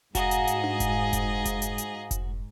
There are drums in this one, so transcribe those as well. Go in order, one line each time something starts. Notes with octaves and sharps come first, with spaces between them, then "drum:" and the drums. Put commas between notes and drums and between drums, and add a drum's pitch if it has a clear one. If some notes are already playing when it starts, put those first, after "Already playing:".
G#2 F#4 G#4 D#5 F5 G#5 A#5, drum: kick F1, hi-hat
drum: hi-hat
drum: hi-hat
drum: tom D4
drum: kick F1, hi-hat
drum: kick F1, hi-hat
drum: kick F1, hi-hat
drum: hi-hat
drum: hi-hat
drum: kick F1, hi-hat